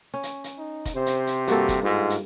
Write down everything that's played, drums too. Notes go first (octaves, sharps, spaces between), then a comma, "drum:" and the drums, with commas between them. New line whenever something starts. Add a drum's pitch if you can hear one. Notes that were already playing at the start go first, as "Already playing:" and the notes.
C#4
drum: hi-hat
drum: hi-hat
D#4
drum: kick F1, hi-hat
C3 C5
drum: hi-hat
drum: hi-hat
G2 A#3 F#4 A4, drum: hi-hat
drum: kick F1, hi-hat
G#2 F4
drum: hi-hat